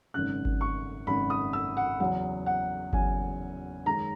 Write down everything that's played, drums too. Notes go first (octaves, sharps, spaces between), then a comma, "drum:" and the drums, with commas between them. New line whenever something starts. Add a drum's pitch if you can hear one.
G#1 F#2 C#3 F#6
drum: kick G1
C#6
G#1 F#2 C#3 B5
D#6
E6
F#5
E2 C#3 F#3 C#4 F#5
F#5
E2 C#3 F#3 C#4 G#5, drum: kick G1
F#2 D#3 G#3 C#4 A#5